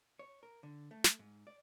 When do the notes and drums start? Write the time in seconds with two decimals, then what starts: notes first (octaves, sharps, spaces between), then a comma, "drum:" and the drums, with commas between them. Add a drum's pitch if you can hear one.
0.19 C#5
0.43 A#4
0.63 D3
0.91 A3
1.04 drum: snare
1.19 G#2
1.47 D5